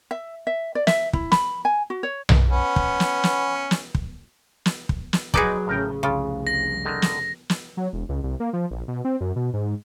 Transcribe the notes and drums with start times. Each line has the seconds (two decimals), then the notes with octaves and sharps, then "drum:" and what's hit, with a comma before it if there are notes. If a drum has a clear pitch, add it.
0.11 E5
0.47 E5
0.75 D5
0.87 E5, drum: snare
1.13 E4, drum: kick
1.32 B5, drum: snare
1.65 G#5
1.90 F#4
2.03 C#5
2.29 drum: tom B1
2.50 B3 C#4
2.76 drum: kick
3.00 drum: snare
3.24 drum: snare
3.71 drum: snare
3.95 drum: kick
4.66 drum: snare
4.89 drum: kick
5.13 drum: snare
5.34 F#3 G#3 D#4 F#4 G#4 B4 D5, drum: kick
5.67 A1 A2 C#3 A#4 G5
6.03 F1 C2 C#3 F4
6.47 A#6
6.85 D3 D#3
7.02 drum: snare
7.50 drum: snare
7.77 F#3
7.93 E1
8.09 C#2
8.23 C2
8.40 A#3
8.53 F3
8.71 A#1
8.88 B2
9.05 C4
9.21 F#2
9.36 B2
9.53 G#2